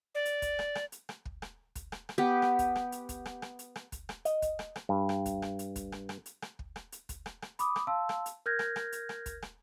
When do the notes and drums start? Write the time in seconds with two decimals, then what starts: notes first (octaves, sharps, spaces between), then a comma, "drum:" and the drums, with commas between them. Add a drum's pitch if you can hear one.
0.15 D5
0.25 drum: hi-hat
0.42 drum: kick, hi-hat
0.59 drum: rim click
0.75 drum: rim click
0.92 drum: hi-hat
1.09 drum: rim click
1.25 drum: kick
1.42 drum: rim click
1.75 drum: kick, hi-hat
1.92 drum: rim click
2.09 drum: rim click
2.18 B3 G4
2.42 drum: rim click
2.59 drum: kick, hi-hat
2.76 drum: rim click
2.92 drum: hi-hat
3.09 drum: kick, hi-hat
3.26 drum: rim click
3.42 drum: rim click
3.59 drum: hi-hat
3.76 drum: rim click
3.92 drum: kick, hi-hat
4.09 drum: rim click
4.25 D#5, drum: hi-hat
4.42 drum: kick, hi-hat
4.59 drum: rim click
4.76 drum: rim click
4.89 G2
5.09 drum: rim click
5.26 drum: kick, hi-hat
5.42 drum: rim click
5.59 drum: hi-hat
5.76 drum: kick, hi-hat
5.92 drum: rim click
6.09 drum: rim click
6.26 drum: hi-hat
6.42 drum: rim click
6.59 drum: kick
6.76 drum: rim click
6.92 drum: hi-hat
7.09 drum: kick, hi-hat
7.26 drum: rim click
7.42 drum: rim click
7.59 B5 D6 D#6, drum: hi-hat
7.76 drum: rim click
7.87 F5 A5 C6 E6
8.09 drum: rim click
8.26 drum: hi-hat
8.46 A#4 F6 G6 G#6 A#6
8.59 drum: rim click
8.76 drum: rim click
8.92 drum: hi-hat
9.09 drum: rim click
9.26 drum: kick, hi-hat
9.42 drum: rim click